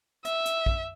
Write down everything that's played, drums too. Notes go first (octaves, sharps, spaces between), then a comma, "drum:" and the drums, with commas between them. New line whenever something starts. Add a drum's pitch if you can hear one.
E5, drum: hi-hat
drum: hi-hat
drum: kick